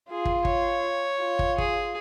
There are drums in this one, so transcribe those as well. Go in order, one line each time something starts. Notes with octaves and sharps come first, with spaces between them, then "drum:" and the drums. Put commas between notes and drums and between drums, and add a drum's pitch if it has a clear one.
F4 G#4
drum: kick
C#5, drum: kick
F4
drum: kick
G#4, drum: kick